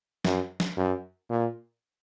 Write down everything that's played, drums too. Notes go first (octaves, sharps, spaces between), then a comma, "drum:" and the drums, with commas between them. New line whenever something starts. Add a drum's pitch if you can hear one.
F#2, drum: snare
drum: snare
F#2
A#2